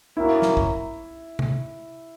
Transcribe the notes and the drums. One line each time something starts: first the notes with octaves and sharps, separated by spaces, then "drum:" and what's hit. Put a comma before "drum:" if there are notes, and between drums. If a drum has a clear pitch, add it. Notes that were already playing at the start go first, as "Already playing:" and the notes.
A#3 C#4 E4 F#4 A#4
drum: snare
drum: kick
drum: tom C3